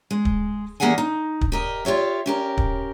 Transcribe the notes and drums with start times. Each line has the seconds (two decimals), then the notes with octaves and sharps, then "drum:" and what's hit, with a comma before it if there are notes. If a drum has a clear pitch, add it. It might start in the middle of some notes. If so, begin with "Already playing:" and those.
0.11 G#3
0.25 drum: kick
0.80 E2 A#3 G4 G#4 F#5 G#5
0.98 D#4
1.41 drum: kick
1.52 G4 A#4 D#5
1.85 F4 G4 C#5 E5
2.26 C#4 G4 A#4
2.57 drum: kick